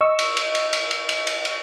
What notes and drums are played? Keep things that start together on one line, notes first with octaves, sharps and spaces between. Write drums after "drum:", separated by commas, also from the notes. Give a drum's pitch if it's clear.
D#5 C#6 E6
drum: cymbal
drum: cymbal
drum: cymbal
drum: cymbal
drum: cymbal
drum: cymbal
drum: cymbal
drum: cymbal